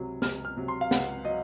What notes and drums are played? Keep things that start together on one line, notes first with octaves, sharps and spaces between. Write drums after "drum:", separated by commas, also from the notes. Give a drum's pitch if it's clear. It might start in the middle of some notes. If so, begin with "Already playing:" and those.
Already playing: C#2 C3 F#3
C#2 F6, drum: snare
F6
C3 F#3
C6
F5
C#2 F#5, drum: snare
F#3 D#5